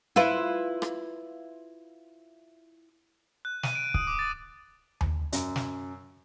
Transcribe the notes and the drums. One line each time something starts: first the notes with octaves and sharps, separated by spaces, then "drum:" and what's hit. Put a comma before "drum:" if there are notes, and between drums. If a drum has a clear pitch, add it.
E4 F4 B4
drum: rim click
F#6
D#7, drum: snare
D7
D#6, drum: kick
D6
A6
drum: tom D#2
F#2, drum: hi-hat
drum: snare